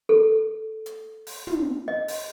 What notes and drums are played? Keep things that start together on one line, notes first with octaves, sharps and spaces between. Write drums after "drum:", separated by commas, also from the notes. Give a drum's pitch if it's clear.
A4
drum: hi-hat
drum: open hi-hat
drum: tom
D#5
drum: open hi-hat